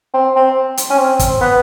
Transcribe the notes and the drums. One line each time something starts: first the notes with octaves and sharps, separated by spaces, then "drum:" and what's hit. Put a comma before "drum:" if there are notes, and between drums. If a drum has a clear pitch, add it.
C4
C4
drum: hi-hat
C#4
C4
drum: kick, hi-hat
B3